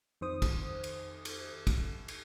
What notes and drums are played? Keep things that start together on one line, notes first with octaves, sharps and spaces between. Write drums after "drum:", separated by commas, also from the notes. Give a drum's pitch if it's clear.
F2 D#3 C5 D#6
drum: kick, cymbal
drum: cymbal
drum: cymbal
drum: kick, cymbal
drum: cymbal